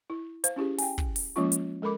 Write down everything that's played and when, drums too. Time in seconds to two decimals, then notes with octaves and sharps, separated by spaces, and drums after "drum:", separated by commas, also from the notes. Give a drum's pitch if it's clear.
0.10 E4
0.44 C5 F5, drum: hi-hat
0.56 C#4 E4 G4 G#4
0.78 G5 G#5, drum: open hi-hat
0.98 drum: kick
1.16 drum: open hi-hat
1.36 F3 G#3 A#3 C#4 F4 C#6
1.52 drum: hi-hat
1.82 G#3 A4 A#4 B5 D6